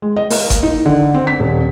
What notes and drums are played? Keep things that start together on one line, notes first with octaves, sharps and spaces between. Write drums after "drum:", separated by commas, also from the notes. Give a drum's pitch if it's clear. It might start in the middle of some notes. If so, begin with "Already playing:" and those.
G#3
D#5
A#3, drum: open hi-hat
drum: kick G1, hi-hat
D#4
D3
C4
B6
D#1